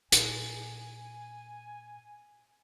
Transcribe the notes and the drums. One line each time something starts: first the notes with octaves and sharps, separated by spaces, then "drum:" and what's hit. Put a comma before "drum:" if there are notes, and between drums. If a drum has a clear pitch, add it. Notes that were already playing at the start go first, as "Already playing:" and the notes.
A#2 G#5, drum: hi-hat